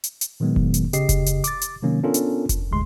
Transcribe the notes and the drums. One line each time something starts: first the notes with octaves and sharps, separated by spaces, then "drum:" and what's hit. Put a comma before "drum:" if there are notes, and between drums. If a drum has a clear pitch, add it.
drum: hi-hat
drum: hi-hat
A#2 D#3 F#3 G#3 B3
drum: kick F1
drum: hi-hat
C#3 G4 D#5 C7, drum: hi-hat
drum: kick F1, hi-hat
drum: hi-hat
D6 A6, drum: hi-hat
drum: hi-hat
C3 D#3 F#3 A#3 C#4
B3 C#4 D4 F4 A4 A#4
drum: hi-hat
drum: kick F1, hi-hat
A1 D2 G#3 C6